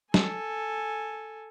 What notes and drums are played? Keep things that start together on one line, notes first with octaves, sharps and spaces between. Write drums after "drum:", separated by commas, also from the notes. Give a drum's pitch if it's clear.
A4 G#5, drum: snare